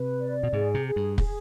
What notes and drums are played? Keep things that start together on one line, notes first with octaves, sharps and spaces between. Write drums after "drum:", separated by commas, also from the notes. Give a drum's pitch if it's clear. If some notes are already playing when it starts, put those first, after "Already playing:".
Already playing: C3 B4
D5
B2
G#2 G#4
C3
G#4
G2
G#4, drum: kick